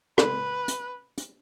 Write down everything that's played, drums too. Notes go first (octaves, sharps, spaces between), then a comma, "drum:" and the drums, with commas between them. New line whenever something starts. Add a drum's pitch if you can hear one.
B4, drum: rim click
drum: hi-hat
drum: hi-hat